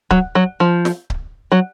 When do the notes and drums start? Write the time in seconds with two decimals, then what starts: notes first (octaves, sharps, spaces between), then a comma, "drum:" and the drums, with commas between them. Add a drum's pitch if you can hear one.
0.11 F#3, drum: kick C#1
0.35 F#3
0.60 F3
0.85 drum: snare
1.10 drum: kick C#1
1.52 F#3